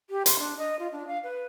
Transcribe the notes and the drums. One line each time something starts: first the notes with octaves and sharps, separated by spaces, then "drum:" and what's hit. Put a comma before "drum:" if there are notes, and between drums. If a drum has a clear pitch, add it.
G4
C6, drum: hi-hat
D4
D#5
F4
D4
F5
B4